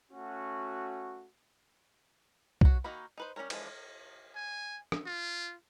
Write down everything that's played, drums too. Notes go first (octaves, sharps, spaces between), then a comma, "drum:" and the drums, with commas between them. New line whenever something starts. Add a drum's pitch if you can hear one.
A3 C#4 F#4
F#3 F#4, drum: kick
D#3 A#3 D#4 F#4 B5
D#4 B4 C5
G3 C#4 F#4 A#4 C#5
E3 F3 G#3 D4, drum: cymbal
G#5
drum: rim click
F4